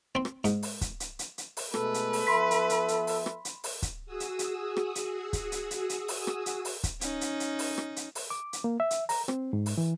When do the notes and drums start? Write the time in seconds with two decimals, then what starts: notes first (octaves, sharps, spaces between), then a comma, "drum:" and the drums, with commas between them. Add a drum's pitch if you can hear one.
0.15 C4 C6
0.25 drum: rim click
0.44 G#2, drum: hi-hat
0.63 drum: open hi-hat
0.81 drum: kick, hi-hat
1.00 drum: hi-hat
1.19 drum: hi-hat
1.38 drum: hi-hat
1.57 drum: open hi-hat
1.74 B2 G#3 A3 A4 B4, drum: rim click
1.94 drum: hi-hat
2.13 drum: open hi-hat
2.27 F3 B3 E5 B5 C6 B6
2.51 drum: hi-hat
2.70 drum: hi-hat
2.88 drum: hi-hat
3.07 drum: open hi-hat
3.26 drum: rim click
3.45 drum: hi-hat
3.64 drum: open hi-hat
3.82 drum: kick, hi-hat
4.06 F#4 G#4 D#6 E6
4.20 drum: hi-hat
4.39 drum: hi-hat
4.77 drum: rim click
4.95 drum: hi-hat
5.33 drum: kick, hi-hat
5.52 drum: hi-hat
5.71 drum: hi-hat
5.89 drum: hi-hat
6.08 drum: open hi-hat
6.27 drum: rim click
6.46 drum: hi-hat
6.65 drum: open hi-hat
6.84 drum: kick, hi-hat
7.01 C#4 D#4, drum: hi-hat
7.21 drum: hi-hat
7.40 drum: hi-hat
7.59 drum: open hi-hat
7.78 drum: rim click
7.96 drum: hi-hat
8.15 drum: open hi-hat
8.30 D6
8.53 drum: hi-hat
8.64 A#3
8.80 E5
8.91 drum: hi-hat
9.09 A#5, drum: open hi-hat
9.28 C4, drum: rim click
9.53 G#2
9.66 drum: open hi-hat
9.78 E3